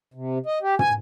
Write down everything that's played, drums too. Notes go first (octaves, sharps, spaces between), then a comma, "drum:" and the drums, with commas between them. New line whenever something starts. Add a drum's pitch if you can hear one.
C3
D#5
G4
G#5, drum: tom